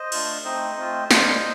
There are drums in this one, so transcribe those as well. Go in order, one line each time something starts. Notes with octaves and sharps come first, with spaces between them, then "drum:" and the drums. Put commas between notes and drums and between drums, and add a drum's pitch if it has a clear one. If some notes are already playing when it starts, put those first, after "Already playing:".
Already playing: C5 D#5
A3 D4 F4, drum: cymbal
A3 C4 D#4 C5 D#5
A3 C4 F4
G3 A#3 D4 F4 C5 D#5, drum: snare